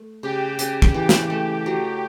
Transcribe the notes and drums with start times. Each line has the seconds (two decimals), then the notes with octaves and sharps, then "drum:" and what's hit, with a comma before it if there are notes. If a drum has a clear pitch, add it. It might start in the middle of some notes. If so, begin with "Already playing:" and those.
Already playing: A3
0.23 C#3 G4
0.59 C#3 G4, drum: hi-hat
0.82 drum: kick
0.94 E3 G4
1.09 drum: snare
1.30 A3
1.66 F#3